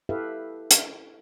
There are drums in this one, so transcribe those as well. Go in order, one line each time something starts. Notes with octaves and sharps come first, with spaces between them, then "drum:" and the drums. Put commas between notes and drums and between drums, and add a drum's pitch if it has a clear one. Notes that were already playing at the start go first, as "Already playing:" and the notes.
E4 G4 A4 B4 E5 F5
drum: hi-hat